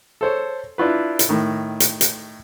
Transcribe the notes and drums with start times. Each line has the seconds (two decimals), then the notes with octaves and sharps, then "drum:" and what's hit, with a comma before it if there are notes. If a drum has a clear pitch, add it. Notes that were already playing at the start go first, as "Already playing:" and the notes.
0.21 A4 C5 C#5
0.78 D4 E4 F4 B4
1.19 drum: hi-hat
1.29 A2 D#3
1.80 drum: hi-hat
2.01 drum: hi-hat